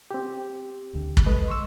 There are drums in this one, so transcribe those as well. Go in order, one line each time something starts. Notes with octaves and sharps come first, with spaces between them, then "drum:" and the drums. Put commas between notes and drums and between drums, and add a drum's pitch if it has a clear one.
C4 G4
D1 D2 D3
drum: kick
G#3 A4 B4 D#5
C6 C#6 E6